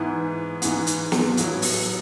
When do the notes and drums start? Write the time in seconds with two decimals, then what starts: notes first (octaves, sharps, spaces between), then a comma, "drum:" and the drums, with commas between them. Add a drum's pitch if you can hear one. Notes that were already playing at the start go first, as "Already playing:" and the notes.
Already playing: G#2 E3 B3 E4
0.62 G#2 E3 B3, drum: hi-hat
0.87 drum: hi-hat
1.12 drum: snare
1.37 A2 F#3 B3 E4, drum: hi-hat
1.62 drum: open hi-hat